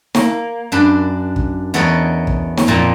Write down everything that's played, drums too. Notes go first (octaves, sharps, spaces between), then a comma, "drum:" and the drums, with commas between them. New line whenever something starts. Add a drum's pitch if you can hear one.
A#3, drum: snare
F#2 D4 B5
drum: kick
E2 B3 A4 A#4 C#5 D#5
drum: kick
drum: snare
F2 A#2 A#3